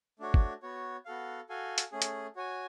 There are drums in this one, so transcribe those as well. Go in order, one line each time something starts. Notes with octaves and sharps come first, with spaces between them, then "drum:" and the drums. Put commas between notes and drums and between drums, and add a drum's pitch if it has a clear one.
A3 D4 F#4 C#5
drum: kick
B3 F#4 C#5
B3 F#4 A4 F5
F#4 A4 F5 G#5
drum: hi-hat
A3 C#4 G#4
drum: hi-hat
F#4 C#5 G#5